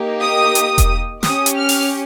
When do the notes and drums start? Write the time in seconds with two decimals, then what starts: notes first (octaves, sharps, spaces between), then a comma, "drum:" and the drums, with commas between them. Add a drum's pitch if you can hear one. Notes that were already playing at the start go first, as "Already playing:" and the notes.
Already playing: A#3 D#4 G4
0.21 D#6
0.55 drum: hi-hat
0.78 drum: kick E1, hi-hat
1.23 C#4 G4 D#6, drum: snare
1.46 drum: hi-hat
1.57 F6
1.69 drum: open hi-hat